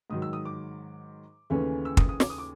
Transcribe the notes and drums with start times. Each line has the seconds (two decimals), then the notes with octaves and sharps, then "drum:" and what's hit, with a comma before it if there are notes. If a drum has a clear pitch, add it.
0.10 G#2 D#3 F#3 D#6
0.22 E6
0.33 D#6
0.45 D6
1.50 D#2 C#3 E3 A3 C#4
1.85 E6
1.97 D#6, drum: kick
2.09 D#6
2.20 D6, drum: snare
2.30 D#6
2.38 D6